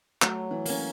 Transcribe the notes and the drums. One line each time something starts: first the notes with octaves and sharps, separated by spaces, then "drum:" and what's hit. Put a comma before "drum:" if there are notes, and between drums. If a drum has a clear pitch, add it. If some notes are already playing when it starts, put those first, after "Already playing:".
F#3 A3, drum: clap
E3
A#3 C#4, drum: open hi-hat